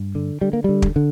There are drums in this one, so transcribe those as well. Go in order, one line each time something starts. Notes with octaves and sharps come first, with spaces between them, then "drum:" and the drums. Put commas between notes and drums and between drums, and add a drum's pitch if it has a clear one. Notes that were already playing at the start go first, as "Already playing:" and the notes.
Already playing: G2
D3
D3 G3
A#3
D3 G3
drum: kick
D3